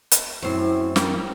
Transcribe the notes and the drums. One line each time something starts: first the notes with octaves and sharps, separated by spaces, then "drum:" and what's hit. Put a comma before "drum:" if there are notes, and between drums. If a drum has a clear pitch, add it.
drum: hi-hat
F#2 C4 E4
G4 A#4, drum: snare